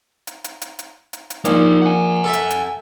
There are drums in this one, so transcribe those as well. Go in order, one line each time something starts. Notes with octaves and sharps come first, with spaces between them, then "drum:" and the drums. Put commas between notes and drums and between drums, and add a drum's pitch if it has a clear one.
drum: hi-hat
drum: hi-hat
drum: hi-hat
drum: hi-hat
drum: hi-hat
drum: hi-hat
A#1 D#4 F5, drum: hi-hat
F#5 G#5
A4 E5
drum: hi-hat
drum: hi-hat